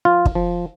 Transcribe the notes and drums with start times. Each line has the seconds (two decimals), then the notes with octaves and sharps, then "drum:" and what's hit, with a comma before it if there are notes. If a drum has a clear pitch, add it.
0.05 F3 F4
0.25 drum: kick
0.35 F3